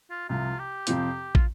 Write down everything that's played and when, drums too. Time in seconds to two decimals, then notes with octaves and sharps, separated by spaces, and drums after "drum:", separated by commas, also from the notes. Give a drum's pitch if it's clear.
0.10 F4
0.29 C2 C3 F3 F4
0.59 G4
0.87 F2 C3 F3 C4 F4, drum: hi-hat
1.35 F4, drum: kick